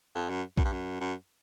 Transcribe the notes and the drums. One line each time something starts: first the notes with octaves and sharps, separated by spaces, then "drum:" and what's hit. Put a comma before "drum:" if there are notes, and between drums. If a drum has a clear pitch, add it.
F2
F#2
F#2, drum: kick A#1
G2
F#2
F#2